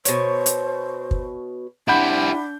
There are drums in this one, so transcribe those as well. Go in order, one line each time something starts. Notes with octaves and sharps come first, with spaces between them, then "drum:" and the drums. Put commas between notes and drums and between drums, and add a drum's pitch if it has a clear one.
B2 C5 C#5, drum: hi-hat
drum: hi-hat
drum: kick
D4 E4 G4 F#5 B5 G6